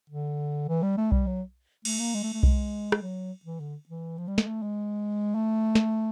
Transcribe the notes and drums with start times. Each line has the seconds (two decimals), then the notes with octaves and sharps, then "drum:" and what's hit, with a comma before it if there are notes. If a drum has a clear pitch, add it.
0.10 D3
0.68 E3
0.83 G3
0.98 A3
1.12 G3, drum: kick B1
1.27 F#3
1.85 A3, drum: cymbal
1.99 A#3
2.14 G#3
2.24 A3
2.34 A3
2.43 G#3, drum: kick B1
2.92 drum: rim click
3.02 F#3
3.45 E3
3.60 D3
3.89 E3
4.18 F3
4.28 G3
4.38 G#3, drum: snare
4.47 A3
4.62 G#3
5.35 A3
5.75 drum: snare